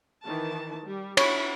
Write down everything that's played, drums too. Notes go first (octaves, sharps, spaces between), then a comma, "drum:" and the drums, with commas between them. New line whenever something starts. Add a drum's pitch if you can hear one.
D#3 E3 A5
G3
E4 C#5 F#5 B5, drum: cymbal